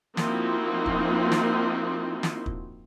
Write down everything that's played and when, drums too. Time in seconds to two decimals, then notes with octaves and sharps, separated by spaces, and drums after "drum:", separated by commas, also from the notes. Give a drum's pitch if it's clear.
0.17 F3 A#3 C4 D#4 E4 F#4, drum: snare
0.86 drum: kick
1.32 drum: snare
2.23 drum: snare
2.46 drum: kick